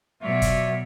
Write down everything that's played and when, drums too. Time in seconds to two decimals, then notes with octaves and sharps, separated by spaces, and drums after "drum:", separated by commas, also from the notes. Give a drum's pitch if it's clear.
0.22 B2 F#3 F4 C#5 D5 E5
0.42 drum: kick, hi-hat